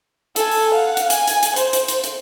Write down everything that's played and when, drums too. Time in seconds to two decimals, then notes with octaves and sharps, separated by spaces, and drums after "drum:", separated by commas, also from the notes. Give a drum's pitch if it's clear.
0.36 A4 G#5, drum: hi-hat
0.51 drum: open hi-hat
0.74 F5 F#5
0.97 drum: hi-hat
1.10 G#5, drum: hi-hat
1.27 drum: hi-hat
1.43 drum: hi-hat
1.56 C5, drum: hi-hat
1.73 drum: hi-hat
1.88 drum: hi-hat
2.04 drum: hi-hat